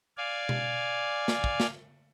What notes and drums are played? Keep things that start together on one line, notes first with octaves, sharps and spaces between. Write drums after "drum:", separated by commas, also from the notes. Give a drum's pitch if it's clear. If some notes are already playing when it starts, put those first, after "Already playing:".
D5 F5 G#5
drum: tom B2
drum: snare
drum: kick
drum: snare